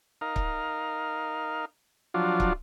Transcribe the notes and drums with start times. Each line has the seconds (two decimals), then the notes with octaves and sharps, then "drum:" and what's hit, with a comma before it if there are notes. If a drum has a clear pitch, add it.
0.21 D#4 A#4 F5
0.36 drum: kick C#1
2.14 F3 F#3 D4 F4
2.40 drum: kick C#1